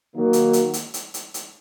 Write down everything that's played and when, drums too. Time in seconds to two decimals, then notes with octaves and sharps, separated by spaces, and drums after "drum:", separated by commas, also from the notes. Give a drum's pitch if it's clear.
0.12 D#3 F#3 A#3 D#4 F#4
0.33 drum: hi-hat
0.53 drum: hi-hat
0.73 drum: hi-hat
0.94 drum: hi-hat
1.14 drum: hi-hat
1.34 drum: hi-hat